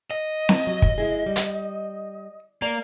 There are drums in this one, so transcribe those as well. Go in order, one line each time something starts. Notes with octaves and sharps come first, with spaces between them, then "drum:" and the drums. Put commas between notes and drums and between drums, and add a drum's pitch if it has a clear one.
D#5
drum: snare C4
F#3
drum: kick
G#3 E4 G#4
G3
drum: hi-hat
A#3 D5